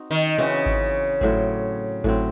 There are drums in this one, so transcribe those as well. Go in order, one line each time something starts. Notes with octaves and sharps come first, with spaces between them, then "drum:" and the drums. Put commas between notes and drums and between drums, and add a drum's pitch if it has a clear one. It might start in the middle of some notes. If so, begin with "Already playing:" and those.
Already playing: C4 D#4 F#4
D#3
C#3 E3 C4 D#4 F#4
drum: kick G#1
A2 F#3 C4, drum: kick G#1
A2 F#3 C4, drum: kick G#1